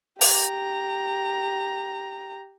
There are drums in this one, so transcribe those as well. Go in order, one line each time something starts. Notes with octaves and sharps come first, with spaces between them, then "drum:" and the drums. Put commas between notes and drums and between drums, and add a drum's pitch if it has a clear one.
G4 A#5, drum: open hi-hat